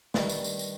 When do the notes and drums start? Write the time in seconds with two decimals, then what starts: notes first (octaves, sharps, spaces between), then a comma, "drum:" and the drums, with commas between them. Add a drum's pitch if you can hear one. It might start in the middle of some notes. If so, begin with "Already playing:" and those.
0.14 G2 D#3 G3, drum: snare
0.29 drum: tambourine
0.44 drum: tambourine
0.59 drum: tambourine